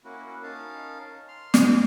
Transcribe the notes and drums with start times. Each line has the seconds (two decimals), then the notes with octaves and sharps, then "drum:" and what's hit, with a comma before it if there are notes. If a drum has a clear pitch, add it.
0.05 A#3 C#4 E4 F#4
0.43 C#4 D#4 A#4 F5 A5
1.28 C6 F6
1.54 drum: snare